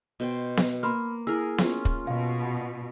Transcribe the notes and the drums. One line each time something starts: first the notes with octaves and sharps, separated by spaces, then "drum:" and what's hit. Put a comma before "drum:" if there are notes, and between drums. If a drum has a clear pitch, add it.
B2 C5 G5
drum: snare B3
A#3 B5 C6 F6
E4 G#4 A#4 E6
C#4 F4, drum: snare B3
drum: kick
B2 F5